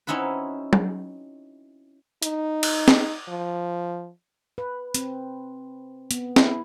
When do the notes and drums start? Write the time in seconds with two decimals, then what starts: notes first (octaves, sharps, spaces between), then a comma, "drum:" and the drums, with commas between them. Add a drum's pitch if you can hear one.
0.07 C4 C#4 D#4 E4 F#4 B4
0.73 drum: tom F#3
2.22 D#4, drum: hi-hat
2.63 drum: cymbal
2.88 drum: snare
3.28 F3
4.58 B4
4.94 C4, drum: hi-hat
6.11 B3, drum: hi-hat
6.36 E4, drum: snare